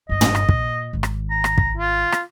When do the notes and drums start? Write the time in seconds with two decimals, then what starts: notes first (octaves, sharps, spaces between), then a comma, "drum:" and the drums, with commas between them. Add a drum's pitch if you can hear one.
0.09 G1 G2 D#5
0.21 drum: tom
0.35 drum: rim click
0.49 A#2, drum: kick
0.93 G#1 D#3
1.03 drum: rim click
1.30 A#5
1.44 drum: rim click
1.58 drum: kick
1.77 F4
2.12 drum: rim click